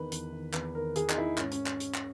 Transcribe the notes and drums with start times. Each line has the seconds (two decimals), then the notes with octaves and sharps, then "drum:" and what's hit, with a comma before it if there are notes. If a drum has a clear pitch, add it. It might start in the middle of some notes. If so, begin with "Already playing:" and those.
Already playing: E2 D#3 B4
0.12 E2, drum: hi-hat
0.32 D#3
0.54 E2 B4, drum: clap
0.75 D#3 A#4
0.96 E2 G#4, drum: hi-hat
1.10 D#4, drum: clap
1.18 D#3 E4
1.38 G#2 C#4, drum: clap
1.52 C#4, drum: hi-hat
1.66 drum: clap
1.80 drum: hi-hat
1.94 drum: clap